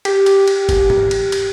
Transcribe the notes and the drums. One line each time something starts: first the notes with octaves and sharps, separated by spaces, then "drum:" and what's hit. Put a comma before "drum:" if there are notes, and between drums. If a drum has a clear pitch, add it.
G4, drum: cymbal
drum: cymbal
drum: cymbal
drum: kick, cymbal
drum: tom G#2
drum: cymbal
drum: cymbal